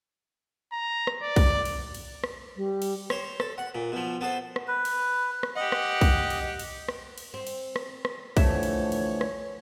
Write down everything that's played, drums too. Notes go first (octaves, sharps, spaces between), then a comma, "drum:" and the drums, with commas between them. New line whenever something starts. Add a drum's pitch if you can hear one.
A#5
drum: rim click
D5
drum: kick B1, cymbal
drum: cymbal
drum: cymbal
drum: rim click
G3
drum: cymbal
C5 C#5, drum: rim click
A4, drum: rim click
F#5
A#2
B2 F3
B3 A4 C5
drum: rim click
B4
drum: cymbal
drum: rim click
G4 D#5 F#5
drum: rim click
drum: kick B1, cymbal
drum: cymbal
drum: cymbal
drum: rim click
drum: cymbal
C4
drum: cymbal
drum: rim click
drum: rim click
D3 E3 F3 A3 C#5 E5, drum: kick B1, cymbal
drum: cymbal
drum: cymbal
drum: rim click